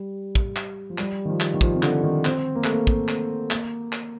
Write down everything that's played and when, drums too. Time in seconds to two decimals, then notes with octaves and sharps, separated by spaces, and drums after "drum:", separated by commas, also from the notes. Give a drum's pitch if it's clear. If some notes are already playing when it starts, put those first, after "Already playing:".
Already playing: G3
0.35 drum: kick
0.56 drum: clap
0.90 F3
0.98 G3, drum: clap
1.25 D#3
1.29 F3
1.40 drum: clap
1.54 D#3
1.61 F3, drum: kick
1.74 C3
1.83 D3, drum: clap
2.04 D#3
2.25 C4, drum: clap
2.55 A#3
2.64 A3, drum: clap
2.73 A#3
2.87 A#3, drum: kick
3.09 drum: clap
3.51 A#3, drum: clap
3.93 drum: clap